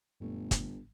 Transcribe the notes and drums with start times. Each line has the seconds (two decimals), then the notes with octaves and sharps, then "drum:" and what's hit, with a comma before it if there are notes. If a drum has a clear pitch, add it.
0.20 G1 F#2 A#2 A3
0.51 drum: kick, hi-hat